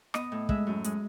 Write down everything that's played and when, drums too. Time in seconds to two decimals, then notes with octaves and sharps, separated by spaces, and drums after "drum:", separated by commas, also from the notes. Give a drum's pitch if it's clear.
0.14 B3 D#5, drum: rim click
0.32 A2
0.49 G#3 E5, drum: kick
0.67 F#2
0.84 G#3, drum: hi-hat